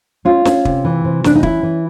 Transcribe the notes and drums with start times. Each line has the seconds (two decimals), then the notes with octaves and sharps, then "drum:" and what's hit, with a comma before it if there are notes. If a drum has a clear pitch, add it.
0.25 C#4 F4
0.45 C#4, drum: snare
0.65 C3, drum: kick
0.85 E3
1.05 C3
1.24 E3 D4, drum: snare
1.35 D#4
1.43 C#4 E4, drum: kick
1.63 E3